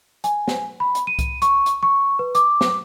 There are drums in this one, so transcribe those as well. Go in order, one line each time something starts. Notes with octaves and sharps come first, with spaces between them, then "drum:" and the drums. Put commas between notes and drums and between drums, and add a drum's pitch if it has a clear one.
G#5, drum: hi-hat
drum: snare
B5
drum: hi-hat
D#7
drum: kick C2, hi-hat
C#6, drum: hi-hat
drum: hi-hat
C#6
B4
D6, drum: hi-hat
drum: snare